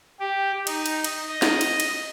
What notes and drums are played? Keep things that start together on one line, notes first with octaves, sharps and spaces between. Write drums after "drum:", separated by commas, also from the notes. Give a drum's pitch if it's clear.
G4
D#4, drum: cymbal
drum: cymbal
drum: cymbal
D#5
drum: snare
drum: cymbal
drum: cymbal